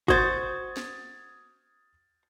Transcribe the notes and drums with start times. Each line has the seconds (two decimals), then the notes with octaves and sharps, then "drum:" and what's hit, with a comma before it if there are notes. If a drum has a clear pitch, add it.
0.08 F#4 C5 D#6 G#6 A6, drum: kick
0.77 drum: snare